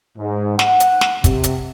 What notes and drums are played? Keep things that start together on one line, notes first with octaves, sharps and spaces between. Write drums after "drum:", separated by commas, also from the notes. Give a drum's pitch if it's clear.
G#2
F#5, drum: snare
drum: hi-hat
drum: snare
C3, drum: kick, hi-hat
drum: hi-hat